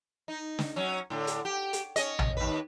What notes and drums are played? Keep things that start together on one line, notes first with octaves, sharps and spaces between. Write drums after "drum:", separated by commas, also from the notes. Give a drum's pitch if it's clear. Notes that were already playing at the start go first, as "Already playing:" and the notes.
D#4
drum: snare
F#3 C#4
A2 D3
drum: hi-hat
G4
drum: hi-hat
C#4 D#5, drum: hi-hat
drum: tom
D#2 B4